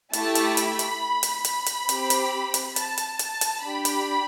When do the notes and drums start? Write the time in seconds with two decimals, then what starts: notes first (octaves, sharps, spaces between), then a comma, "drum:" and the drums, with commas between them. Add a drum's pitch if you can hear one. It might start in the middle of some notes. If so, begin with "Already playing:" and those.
0.13 A3 E4 G4 A5, drum: hi-hat
0.35 drum: hi-hat
0.57 B5, drum: hi-hat
0.79 drum: hi-hat
1.23 drum: hi-hat
1.45 B5, drum: hi-hat
1.66 drum: hi-hat
1.89 C4 G4, drum: hi-hat
2.10 drum: hi-hat
2.54 drum: hi-hat
2.76 A5, drum: hi-hat
2.98 drum: hi-hat
3.19 A5, drum: hi-hat
3.41 drum: hi-hat
3.62 D4 G4 B5
3.85 drum: hi-hat